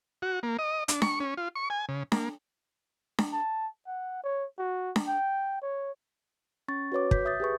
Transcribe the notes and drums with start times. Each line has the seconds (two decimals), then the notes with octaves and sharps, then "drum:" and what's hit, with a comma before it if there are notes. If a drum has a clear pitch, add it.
0.22 F#4
0.43 A#3
0.59 D#5
0.88 D4, drum: hi-hat
1.02 C#6, drum: snare D4
1.20 C#4
1.37 F4
1.56 C#6
1.70 G#5
1.89 C#3
2.12 A#3, drum: snare D4
3.18 drum: snare D4
3.32 A5
3.87 F#5
4.24 C#5
4.58 F#4
4.96 drum: snare D4
5.07 G5
5.62 C#5
6.68 C#4 C#6 A6
6.92 F#4 B4 C#5 D6
7.11 G6 B6, drum: kick
7.25 E5 D#6 G6 A6
7.40 G4 G#4 B4 C#6